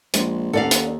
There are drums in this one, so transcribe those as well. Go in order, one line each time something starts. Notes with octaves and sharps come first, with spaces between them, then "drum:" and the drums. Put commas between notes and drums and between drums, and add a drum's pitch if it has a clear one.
A#1 G#3, drum: hi-hat
D#2 C#4 A4 D5 F5 F#5
drum: hi-hat